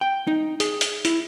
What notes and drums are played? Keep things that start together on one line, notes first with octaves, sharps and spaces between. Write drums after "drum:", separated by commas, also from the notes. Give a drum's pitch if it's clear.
G5
D#4
G#4, drum: hi-hat
drum: hi-hat
E4, drum: hi-hat